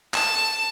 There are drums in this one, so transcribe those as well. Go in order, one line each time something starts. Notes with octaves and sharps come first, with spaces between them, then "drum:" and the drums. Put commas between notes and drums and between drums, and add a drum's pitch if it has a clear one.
A5, drum: clap